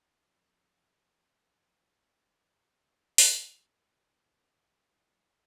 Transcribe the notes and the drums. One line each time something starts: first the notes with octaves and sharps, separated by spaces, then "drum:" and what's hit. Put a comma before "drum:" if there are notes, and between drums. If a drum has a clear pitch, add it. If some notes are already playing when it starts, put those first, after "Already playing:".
F3 C4
drum: open hi-hat
D#4 E4 F#4 G#4 A#4 D5
A#4 F5
G#2 C3 D#3
C#5 D5 G5 D6 D#6 F#6
F3 E4 A4 A#4
G6 B6